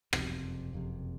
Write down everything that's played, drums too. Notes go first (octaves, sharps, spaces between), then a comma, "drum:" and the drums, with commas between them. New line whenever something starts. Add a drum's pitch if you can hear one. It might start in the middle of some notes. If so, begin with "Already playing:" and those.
F#1 F2 C3, drum: rim click
F#1 F2 C3